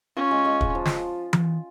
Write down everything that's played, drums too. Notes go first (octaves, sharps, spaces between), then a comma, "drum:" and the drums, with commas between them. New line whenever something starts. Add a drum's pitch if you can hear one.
C#4 F4
G#3
G#3
G#3, drum: kick
F3
drum: snare
drum: tom E3